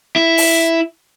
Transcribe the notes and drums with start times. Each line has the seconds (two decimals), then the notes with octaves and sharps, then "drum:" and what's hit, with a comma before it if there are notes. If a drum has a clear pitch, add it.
0.16 E4
0.38 drum: open hi-hat